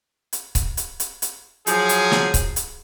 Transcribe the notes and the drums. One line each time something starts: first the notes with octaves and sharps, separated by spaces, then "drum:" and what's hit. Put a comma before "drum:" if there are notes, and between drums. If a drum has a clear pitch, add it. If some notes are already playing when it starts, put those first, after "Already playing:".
drum: hi-hat
drum: kick C#1, hi-hat
drum: hi-hat
drum: hi-hat
drum: hi-hat
F3 F#3 G#4, drum: hi-hat
drum: hi-hat
drum: snare
drum: kick C#1, hi-hat
drum: hi-hat